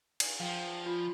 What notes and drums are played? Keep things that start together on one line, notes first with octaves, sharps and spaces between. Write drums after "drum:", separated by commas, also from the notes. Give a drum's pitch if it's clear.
drum: cymbal
F3 F5 G5
F4 B5